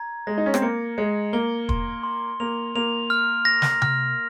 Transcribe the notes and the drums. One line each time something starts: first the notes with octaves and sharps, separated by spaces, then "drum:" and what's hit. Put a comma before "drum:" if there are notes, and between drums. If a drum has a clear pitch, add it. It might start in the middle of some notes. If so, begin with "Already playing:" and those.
Already playing: A#5 G#6
G#3 A#6
D#4
C#4
C4, drum: rim click
A#3 C#7
G#3 C#7
A#3 G7
C6, drum: kick
C6
A#3 F7
A#3 F7
F6
A#6
drum: snare
F6, drum: tom C3